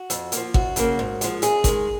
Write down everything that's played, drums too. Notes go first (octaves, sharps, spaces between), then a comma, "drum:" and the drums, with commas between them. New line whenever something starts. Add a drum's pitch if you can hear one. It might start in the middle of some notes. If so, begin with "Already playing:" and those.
Already playing: F#4
F2, drum: hi-hat
A#3, drum: hi-hat
F3
F#2 F#4, drum: kick G#1
C#3 F#3 A#3, drum: hi-hat
G#2
F3 G#3, drum: hi-hat
F#2 G#4, drum: hi-hat
D#3 G#3, drum: kick G#1, hi-hat